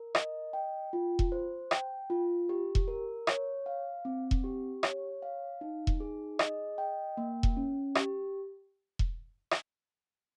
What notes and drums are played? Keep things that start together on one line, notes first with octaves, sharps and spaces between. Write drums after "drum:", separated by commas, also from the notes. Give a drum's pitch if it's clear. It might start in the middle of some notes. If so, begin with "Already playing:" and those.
Already playing: A#4
D#5, drum: rim click
G5
F4
drum: kick E1
C5
G5, drum: rim click
F4
G4
drum: kick E1
A#4
C#5, drum: rim click
F5
C4
drum: kick E1
G4
C#5, drum: rim click
F5
D#4
drum: kick E1
G#4
D#5, drum: rim click
G5
A#3
drum: kick E1
C#4
G4, drum: rim click
drum: kick E1
drum: rim click